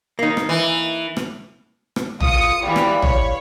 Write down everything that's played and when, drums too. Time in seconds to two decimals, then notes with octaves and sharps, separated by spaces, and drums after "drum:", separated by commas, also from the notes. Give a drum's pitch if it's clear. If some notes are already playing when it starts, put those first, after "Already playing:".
0.19 A#3 D#4
0.37 drum: rim click
0.49 E3
1.17 drum: rim click
1.96 drum: rim click
2.20 F4 D#6 C#7, drum: tom A#1
2.64 E3 G3 F5 B5
2.76 drum: rim click
3.02 C#5, drum: tom A#1